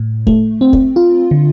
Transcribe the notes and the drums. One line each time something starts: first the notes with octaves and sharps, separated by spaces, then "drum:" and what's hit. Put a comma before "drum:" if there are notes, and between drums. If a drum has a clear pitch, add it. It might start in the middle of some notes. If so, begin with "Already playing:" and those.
Already playing: A2
A3, drum: kick
C4
drum: kick
F4
D3